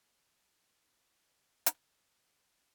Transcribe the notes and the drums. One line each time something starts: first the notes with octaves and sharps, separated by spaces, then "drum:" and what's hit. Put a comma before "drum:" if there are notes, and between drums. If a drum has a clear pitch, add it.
F#3
A#4
G5
G#3
drum: hi-hat
A3